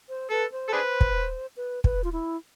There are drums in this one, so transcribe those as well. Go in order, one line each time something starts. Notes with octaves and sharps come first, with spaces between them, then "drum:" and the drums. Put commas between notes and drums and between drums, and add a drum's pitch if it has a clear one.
C5
A4 B4
C5
A4
D4 G#4 B4
drum: kick
B4
B4, drum: kick
F4
E4